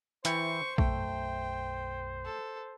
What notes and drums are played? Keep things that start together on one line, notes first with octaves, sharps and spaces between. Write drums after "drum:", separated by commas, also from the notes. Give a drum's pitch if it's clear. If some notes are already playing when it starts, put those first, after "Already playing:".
E3 E4 C5 G5 C#6, drum: hi-hat
B1 F#2 A3 G5, drum: kick
A4